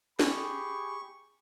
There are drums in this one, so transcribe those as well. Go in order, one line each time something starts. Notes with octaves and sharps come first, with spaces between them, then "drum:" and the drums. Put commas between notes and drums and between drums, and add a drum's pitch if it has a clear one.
G4 G#4 B5 C#6, drum: snare